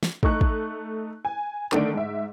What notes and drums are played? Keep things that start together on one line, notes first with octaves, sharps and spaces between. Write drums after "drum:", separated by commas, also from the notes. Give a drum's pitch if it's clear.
drum: snare
A3 D#4 C#6 F#6, drum: kick
drum: kick
G#5
D3 D#3 A3 D4 D7, drum: clap
G#2 E5